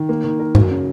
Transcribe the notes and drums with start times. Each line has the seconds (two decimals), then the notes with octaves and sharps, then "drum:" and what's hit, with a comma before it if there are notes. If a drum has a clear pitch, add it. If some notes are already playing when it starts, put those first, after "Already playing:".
Already playing: D#3
0.09 A#3
0.24 D#3
0.39 A#4
0.55 G#2 F#3, drum: tom F#2
0.71 C#3